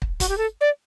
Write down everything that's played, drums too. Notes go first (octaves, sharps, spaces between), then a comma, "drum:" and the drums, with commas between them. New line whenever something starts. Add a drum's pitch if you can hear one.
drum: kick
F#4, drum: kick, hi-hat
G4
A4
D5